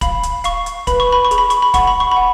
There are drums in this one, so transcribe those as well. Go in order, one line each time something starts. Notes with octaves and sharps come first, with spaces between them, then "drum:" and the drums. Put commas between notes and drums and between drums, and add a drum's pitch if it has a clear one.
F5 B5, drum: kick, hi-hat
drum: hi-hat
F5 C#6, drum: hi-hat
drum: hi-hat
B4 B5, drum: kick, hi-hat
C#6
B5
C#6
G#4, drum: hi-hat
B5
C#6, drum: hi-hat
B5
F#5 C#6, drum: kick, hi-hat
B5
C#6
F#5 B5